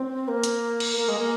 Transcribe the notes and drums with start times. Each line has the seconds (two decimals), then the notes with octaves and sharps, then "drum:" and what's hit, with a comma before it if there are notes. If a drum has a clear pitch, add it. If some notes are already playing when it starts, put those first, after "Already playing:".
Already playing: C4
0.28 A#3
0.43 drum: hi-hat
0.80 drum: cymbal
0.97 A#3
1.08 G#3
1.19 A#3